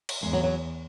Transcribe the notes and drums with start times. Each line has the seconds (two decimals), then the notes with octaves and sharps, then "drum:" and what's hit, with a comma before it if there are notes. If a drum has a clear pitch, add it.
0.09 drum: cymbal
0.23 E2 G#3
0.33 F#3
0.43 F#3